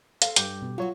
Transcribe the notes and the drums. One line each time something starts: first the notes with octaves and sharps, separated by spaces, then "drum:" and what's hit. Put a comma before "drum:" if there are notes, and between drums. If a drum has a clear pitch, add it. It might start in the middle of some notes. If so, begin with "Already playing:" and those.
A4 C5 F5, drum: hi-hat
G2 G4, drum: hi-hat
B2
F#3 F4 F#4 C#5